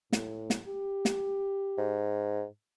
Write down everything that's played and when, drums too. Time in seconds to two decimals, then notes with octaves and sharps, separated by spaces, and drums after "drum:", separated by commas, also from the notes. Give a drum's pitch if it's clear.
0.12 A2, drum: snare
0.50 drum: snare
0.67 G4
1.05 drum: snare
1.78 G#2